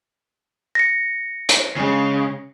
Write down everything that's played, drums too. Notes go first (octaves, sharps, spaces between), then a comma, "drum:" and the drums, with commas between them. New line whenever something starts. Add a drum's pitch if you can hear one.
A#6 C#7
drum: hi-hat
C#3 G#3 C#4